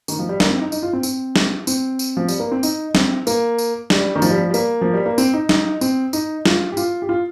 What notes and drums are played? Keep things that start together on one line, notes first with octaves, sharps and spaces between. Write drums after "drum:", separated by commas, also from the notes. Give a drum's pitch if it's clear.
D#3, drum: tambourine
F3
G3
A#3, drum: snare
C4
D#4
D#4, drum: tambourine
F4
C4
C4, drum: tambourine
drum: snare
C4, drum: tambourine
drum: tambourine
F3
G3, drum: tambourine
A#3
C4
D#4, drum: tambourine
C4, drum: snare
A#3, drum: tambourine
drum: tambourine
G3, drum: snare
D#3
F3, drum: tambourine
G3
F3
G3
A#3, drum: tambourine
F3
G3
A#3
C4, drum: tambourine
D#4
D#4, drum: snare
C4, drum: tambourine
D#4, drum: tambourine
F4, drum: snare
G4
F4, drum: tambourine
G4
F4